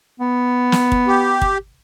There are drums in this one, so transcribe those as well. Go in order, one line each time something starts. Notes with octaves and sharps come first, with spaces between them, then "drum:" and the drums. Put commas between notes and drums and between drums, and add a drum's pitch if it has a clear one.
B3
drum: snare
drum: kick
G4
drum: kick